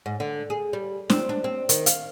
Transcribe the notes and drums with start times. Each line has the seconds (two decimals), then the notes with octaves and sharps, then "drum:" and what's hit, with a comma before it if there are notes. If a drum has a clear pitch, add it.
0.06 G#2
0.20 D3
0.50 G#4
0.73 G3
1.10 C4, drum: snare
1.29 D4
1.44 C4
1.69 D#3, drum: hi-hat
1.86 F5, drum: hi-hat